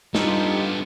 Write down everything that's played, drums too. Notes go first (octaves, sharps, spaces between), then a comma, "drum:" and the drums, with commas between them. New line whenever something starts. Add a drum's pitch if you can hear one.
G2 B3 D#4 F4 G4 A4, drum: snare